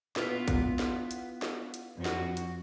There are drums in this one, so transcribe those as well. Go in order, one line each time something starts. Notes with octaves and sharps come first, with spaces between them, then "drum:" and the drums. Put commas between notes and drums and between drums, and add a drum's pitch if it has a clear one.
B3 E4 F4, drum: snare
drum: kick, hi-hat
drum: snare
drum: hi-hat
drum: snare
drum: hi-hat
F2 F#4
drum: snare
drum: hi-hat